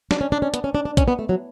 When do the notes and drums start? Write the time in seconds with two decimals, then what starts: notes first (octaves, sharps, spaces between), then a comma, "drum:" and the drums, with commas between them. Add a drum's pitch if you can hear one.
0.11 D4, drum: snare
0.21 C#4
0.32 D4
0.42 C#4
0.54 B3, drum: hi-hat
0.64 C#4
0.75 D4
0.85 D4
0.97 C#4, drum: kick, hi-hat
1.08 B3
1.19 A3
1.29 F#3